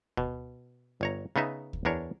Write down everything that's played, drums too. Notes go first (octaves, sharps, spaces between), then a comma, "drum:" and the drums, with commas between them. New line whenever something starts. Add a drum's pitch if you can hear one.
B2, drum: kick D2
G1 C#5 A#5
C#3 B3 D#4 E5
drum: kick D2
E2 D4 A#4 C#5